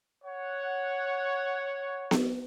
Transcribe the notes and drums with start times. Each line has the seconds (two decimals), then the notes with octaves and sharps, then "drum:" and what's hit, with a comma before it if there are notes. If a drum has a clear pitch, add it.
0.24 C#5 F#5
2.11 drum: snare B3